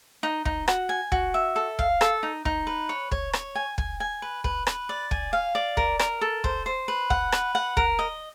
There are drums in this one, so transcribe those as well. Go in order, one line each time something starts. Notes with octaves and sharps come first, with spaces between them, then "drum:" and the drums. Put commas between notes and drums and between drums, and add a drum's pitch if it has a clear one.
D#4
D#4, drum: kick
F#4, drum: rim click
G#5
F#4, drum: kick
E5
A4
F5, drum: kick
A4, drum: rim click
D#4
D#4, drum: kick
B4
C#5
C#5, drum: kick
C#5, drum: rim click
G#5
G#5, drum: kick
G#5
B4
B4, drum: kick
B4, drum: rim click
D5
G#5, drum: kick
F5
D5
A#4, drum: kick
A#4, drum: rim click
A4
C5, drum: kick
C5
B4
F#5, drum: kick
B4, drum: rim click
F#5
A#4, drum: kick
D#5